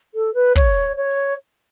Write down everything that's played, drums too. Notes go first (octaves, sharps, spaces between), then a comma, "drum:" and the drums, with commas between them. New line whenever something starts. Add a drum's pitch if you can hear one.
A4
B4
C#5, drum: kick
C#5